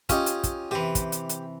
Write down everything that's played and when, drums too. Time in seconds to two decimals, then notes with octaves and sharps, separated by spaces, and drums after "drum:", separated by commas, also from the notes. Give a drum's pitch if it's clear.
0.09 C#4 F4 G4 D#5, drum: kick, hi-hat
0.26 drum: hi-hat
0.44 drum: kick, hi-hat
0.71 C3 E3 G4
0.95 drum: kick, hi-hat
1.12 drum: hi-hat
1.29 drum: hi-hat